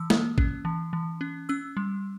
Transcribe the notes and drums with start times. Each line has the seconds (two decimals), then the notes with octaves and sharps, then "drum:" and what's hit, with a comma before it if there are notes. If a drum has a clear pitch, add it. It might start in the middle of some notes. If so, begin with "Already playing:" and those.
Already playing: E3 E6
0.10 A#3, drum: snare
0.38 C#4, drum: kick A1
0.65 E3
0.93 E3
1.21 C#4
1.49 C#4 E6
1.77 G3